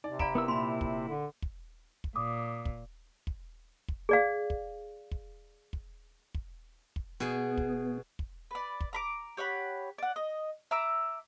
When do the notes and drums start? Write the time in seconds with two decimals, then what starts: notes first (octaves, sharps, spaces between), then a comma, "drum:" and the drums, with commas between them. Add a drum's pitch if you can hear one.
0.04 C3 D#4 D5
0.19 D5 F5 A#5 B5 D7 E7, drum: kick
0.35 B3 E4 A#4 E6
0.48 A#2 E4 B5 C6
0.81 drum: kick
1.08 D3
1.42 drum: kick
2.04 drum: kick
2.16 A#2 D6 D#6
2.65 drum: kick
3.27 drum: kick
3.88 drum: kick
4.09 G#4 D5 F5
4.50 drum: kick
5.11 drum: kick
5.73 drum: kick
6.34 drum: kick
6.96 drum: kick
7.20 B2 B3 G#4
7.57 drum: kick
8.19 drum: kick
8.51 B4 D5
8.81 drum: kick
8.93 A#5 B5 D6
9.37 G4 C#5 F#5 B5
9.98 D5 F#5
10.16 D#5
10.71 E5 A#5 D6 E6